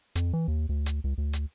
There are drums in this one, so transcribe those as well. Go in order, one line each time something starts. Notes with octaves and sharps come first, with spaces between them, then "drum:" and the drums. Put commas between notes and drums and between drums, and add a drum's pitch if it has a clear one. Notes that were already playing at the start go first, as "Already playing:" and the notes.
F2, drum: hi-hat
E3
D#2
D2
drum: hi-hat
C#2
D2
drum: hi-hat